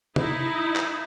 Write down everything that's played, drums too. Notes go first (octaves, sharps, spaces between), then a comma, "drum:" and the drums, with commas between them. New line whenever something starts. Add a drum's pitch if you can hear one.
D#4 E4, drum: tom
drum: clap